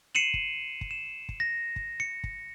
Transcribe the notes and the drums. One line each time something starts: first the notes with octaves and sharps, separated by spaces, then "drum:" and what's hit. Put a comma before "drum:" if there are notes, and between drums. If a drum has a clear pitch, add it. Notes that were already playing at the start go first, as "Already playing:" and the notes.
C7 C#7 D#7 E7 F#7
drum: kick
drum: kick
E7
drum: kick
A#6
drum: kick
C#7
drum: kick